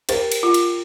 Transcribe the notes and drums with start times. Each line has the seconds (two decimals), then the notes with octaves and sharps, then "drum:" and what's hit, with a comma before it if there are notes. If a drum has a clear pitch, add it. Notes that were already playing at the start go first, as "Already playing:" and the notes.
0.09 G4 A#4 C5, drum: cymbal
0.32 drum: cymbal
0.43 F4
0.54 drum: cymbal